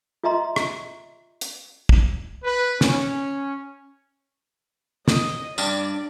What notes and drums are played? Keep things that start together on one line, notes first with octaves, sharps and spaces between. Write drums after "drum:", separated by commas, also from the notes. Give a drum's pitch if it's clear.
F4 D#5 E5 A#5 C6
drum: rim click
drum: hi-hat
drum: kick
B4
C#4, drum: snare
D#5, drum: snare
G2 D5, drum: tambourine